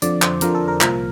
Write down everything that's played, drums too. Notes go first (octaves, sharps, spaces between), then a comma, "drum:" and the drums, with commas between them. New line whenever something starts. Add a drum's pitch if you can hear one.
F2 D3 F3 D5, drum: hi-hat
C5, drum: clap
F2 D3 F3 A#4, drum: hi-hat
A4
A#4
C2 A#2 F3 A#4, drum: clap